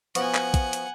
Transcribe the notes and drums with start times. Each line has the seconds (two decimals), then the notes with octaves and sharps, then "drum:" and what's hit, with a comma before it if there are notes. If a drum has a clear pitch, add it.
0.15 F3 B3 F#4 F#5 G#5, drum: hi-hat
0.35 drum: clap
0.54 drum: kick, hi-hat
0.73 drum: hi-hat